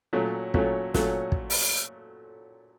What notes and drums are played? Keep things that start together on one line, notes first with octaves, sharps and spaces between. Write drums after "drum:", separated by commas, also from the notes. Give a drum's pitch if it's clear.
A#2 F#3 A3 C#4
A#2 F#3 A3 C#4, drum: kick
A#2 F#3 A3 C#4, drum: snare
drum: kick
drum: open hi-hat